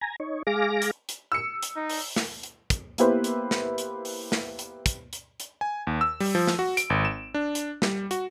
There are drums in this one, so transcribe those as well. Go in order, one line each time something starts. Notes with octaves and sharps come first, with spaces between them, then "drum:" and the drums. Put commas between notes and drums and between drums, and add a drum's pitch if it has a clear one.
G#5 A#5
D#4 C#5
G#3 G#4 F5 D6 A#6
drum: hi-hat
drum: hi-hat
E6 C#7
drum: hi-hat
D#4
drum: open hi-hat
drum: snare
drum: hi-hat
drum: kick, hi-hat
A#3 B3 E4 G4 B4 C5, drum: hi-hat
drum: hi-hat
drum: snare
drum: hi-hat
drum: open hi-hat
drum: snare
drum: hi-hat
drum: kick, hi-hat
drum: hi-hat
drum: hi-hat
G#5
D#2
E6
G3, drum: open hi-hat
F3
drum: snare
F#4
D7, drum: hi-hat
G#1
E7
D4
drum: hi-hat
G3, drum: snare
F#4, drum: hi-hat